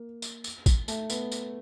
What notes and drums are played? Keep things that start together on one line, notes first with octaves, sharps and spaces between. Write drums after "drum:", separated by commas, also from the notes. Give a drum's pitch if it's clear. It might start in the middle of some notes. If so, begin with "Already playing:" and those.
Already playing: A#3
drum: tambourine
drum: tambourine
drum: kick, tambourine
A3, drum: tambourine
B3, drum: tambourine
drum: tambourine